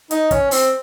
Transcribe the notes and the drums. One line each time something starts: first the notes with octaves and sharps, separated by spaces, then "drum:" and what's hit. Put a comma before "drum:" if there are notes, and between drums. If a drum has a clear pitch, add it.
D#4, drum: hi-hat
C#4, drum: kick, hi-hat
C4, drum: open hi-hat